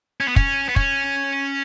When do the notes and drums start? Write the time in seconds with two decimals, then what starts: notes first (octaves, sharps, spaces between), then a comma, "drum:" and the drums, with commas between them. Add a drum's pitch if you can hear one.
0.20 C#4
0.28 B3
0.36 C#4, drum: kick
0.69 B3
0.76 C#4, drum: kick